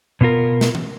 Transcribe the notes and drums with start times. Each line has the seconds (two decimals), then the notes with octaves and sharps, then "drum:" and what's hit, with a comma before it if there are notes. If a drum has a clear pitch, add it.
0.21 B2 B3 F4 A#4
0.61 drum: snare
0.75 drum: tom E3